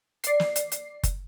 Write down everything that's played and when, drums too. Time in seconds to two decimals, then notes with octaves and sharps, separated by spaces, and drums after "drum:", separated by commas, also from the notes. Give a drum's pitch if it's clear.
0.24 D5 C7, drum: hi-hat
0.40 drum: snare
0.56 drum: hi-hat
0.72 drum: hi-hat
1.03 drum: kick F#1, hi-hat